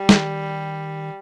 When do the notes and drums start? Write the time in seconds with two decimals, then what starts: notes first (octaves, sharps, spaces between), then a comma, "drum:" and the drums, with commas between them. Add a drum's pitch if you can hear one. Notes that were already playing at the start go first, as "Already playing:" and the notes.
Already playing: G3
0.09 D#3, drum: snare